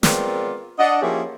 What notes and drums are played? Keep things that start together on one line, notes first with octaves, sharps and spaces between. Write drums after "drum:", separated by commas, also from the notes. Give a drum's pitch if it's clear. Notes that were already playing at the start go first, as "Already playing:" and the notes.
G#3 B3 C4 F4 A#4 D5, drum: snare
D4 D#5 F#5
F3 A#3 C#4 E4 G4 G#4